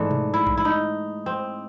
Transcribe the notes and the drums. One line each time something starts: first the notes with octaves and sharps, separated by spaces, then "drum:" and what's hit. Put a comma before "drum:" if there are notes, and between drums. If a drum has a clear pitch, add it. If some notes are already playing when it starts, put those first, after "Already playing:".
Already playing: G#2 E3 A3 D4
drum: tom B2
E4
drum: kick A#1
E4
D#4
C4